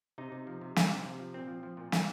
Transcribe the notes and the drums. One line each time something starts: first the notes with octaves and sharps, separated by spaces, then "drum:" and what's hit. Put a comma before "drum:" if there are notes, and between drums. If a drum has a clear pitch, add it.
C3 D#4
C3
F3
C3
C3, drum: snare
C3
C3
F3
A#2 C4
F3
F3
A#2
A#2, drum: snare